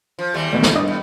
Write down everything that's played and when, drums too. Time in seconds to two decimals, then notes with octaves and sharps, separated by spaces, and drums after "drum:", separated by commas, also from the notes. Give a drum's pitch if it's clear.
0.19 F3
0.34 D#2 G3 A3
0.53 D2 B2
0.63 drum: snare
0.75 G2 D#5
0.88 A2